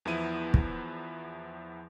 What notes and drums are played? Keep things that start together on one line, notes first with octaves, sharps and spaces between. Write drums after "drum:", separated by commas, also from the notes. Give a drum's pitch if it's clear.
E2 F3 B3 E4 D#7
drum: kick